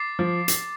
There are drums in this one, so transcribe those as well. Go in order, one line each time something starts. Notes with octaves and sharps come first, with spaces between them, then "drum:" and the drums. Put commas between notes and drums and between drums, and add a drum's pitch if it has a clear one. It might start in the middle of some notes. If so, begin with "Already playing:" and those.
Already playing: D6 A6 C7
F3
drum: hi-hat